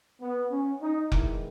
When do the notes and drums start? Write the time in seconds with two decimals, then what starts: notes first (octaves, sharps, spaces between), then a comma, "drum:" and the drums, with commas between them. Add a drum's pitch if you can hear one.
0.21 B3
0.51 C#4
0.82 D#4
1.12 E2 D#3 G#3 E4, drum: kick F1